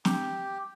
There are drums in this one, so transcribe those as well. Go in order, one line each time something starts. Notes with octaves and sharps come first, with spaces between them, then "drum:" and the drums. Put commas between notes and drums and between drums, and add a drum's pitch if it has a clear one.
G4, drum: snare